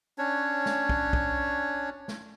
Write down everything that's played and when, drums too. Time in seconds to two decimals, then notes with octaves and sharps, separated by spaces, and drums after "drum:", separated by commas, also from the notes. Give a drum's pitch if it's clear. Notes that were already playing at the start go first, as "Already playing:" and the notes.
0.18 C#4 D4 C#5
0.66 drum: snare
0.89 drum: kick
1.13 drum: kick
2.08 drum: snare